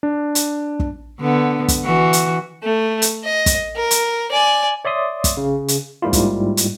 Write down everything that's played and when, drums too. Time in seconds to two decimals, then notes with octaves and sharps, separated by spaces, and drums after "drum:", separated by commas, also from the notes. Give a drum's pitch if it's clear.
0.03 D4
0.35 drum: hi-hat
0.80 drum: kick
1.20 D3 B3
1.68 drum: kick, hi-hat
1.84 E3 F#4
2.13 drum: hi-hat
2.63 A3
3.02 drum: hi-hat
3.24 D#5
3.46 drum: kick, hi-hat
3.76 A#4
3.91 drum: hi-hat
4.31 D5 G#5
4.85 C#5 D5 E5 C6 D#6
5.24 drum: kick, hi-hat
5.37 C#3
5.68 drum: hi-hat
6.02 G#2 G3 A#3 E4 F4
6.13 drum: kick, hi-hat
6.57 drum: hi-hat